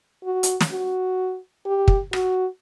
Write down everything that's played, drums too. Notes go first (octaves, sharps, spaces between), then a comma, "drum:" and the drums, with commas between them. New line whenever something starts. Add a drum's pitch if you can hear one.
F#4
drum: hi-hat
drum: snare
F#4
G4
drum: kick
F#4, drum: rim click